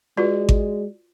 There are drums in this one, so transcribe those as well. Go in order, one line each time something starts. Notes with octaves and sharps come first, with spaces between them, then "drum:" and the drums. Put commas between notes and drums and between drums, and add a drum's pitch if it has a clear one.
G#3 F4 F#4 B4 D5
drum: kick G#1